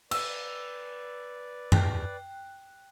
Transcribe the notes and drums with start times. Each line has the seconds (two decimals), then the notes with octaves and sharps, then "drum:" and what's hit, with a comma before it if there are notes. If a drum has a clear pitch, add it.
0.11 B4 D5 E6, drum: cymbal
1.72 G5 F#6, drum: tom F#2